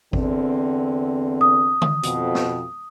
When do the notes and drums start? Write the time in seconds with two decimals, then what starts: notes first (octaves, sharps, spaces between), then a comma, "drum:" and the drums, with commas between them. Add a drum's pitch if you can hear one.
0.13 E2 D3 C4, drum: kick G#1
1.41 D#6
1.82 drum: tom D3
2.03 F2 B2, drum: hi-hat
2.35 drum: snare